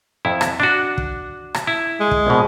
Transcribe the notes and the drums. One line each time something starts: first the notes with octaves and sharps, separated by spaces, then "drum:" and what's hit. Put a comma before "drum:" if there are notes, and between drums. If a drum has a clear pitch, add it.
F2 E4
drum: rim click
D4 F#4
drum: kick
drum: rim click
E4
G#3
drum: kick
A#1 B2